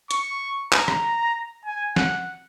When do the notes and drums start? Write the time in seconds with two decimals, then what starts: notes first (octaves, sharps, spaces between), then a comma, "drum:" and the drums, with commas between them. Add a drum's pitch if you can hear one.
0.11 C#6, drum: hi-hat
0.73 A#5, drum: clap
0.88 drum: rim click
1.65 G#5
1.96 F#5, drum: snare